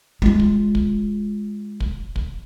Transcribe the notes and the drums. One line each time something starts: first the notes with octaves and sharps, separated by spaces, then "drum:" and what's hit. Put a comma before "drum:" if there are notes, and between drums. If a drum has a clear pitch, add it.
G#3 F4
drum: kick
drum: kick
drum: kick
drum: kick